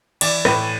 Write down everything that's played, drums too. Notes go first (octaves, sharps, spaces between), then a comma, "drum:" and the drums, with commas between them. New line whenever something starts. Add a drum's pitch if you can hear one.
E3 D5, drum: cymbal
A2 B4, drum: rim click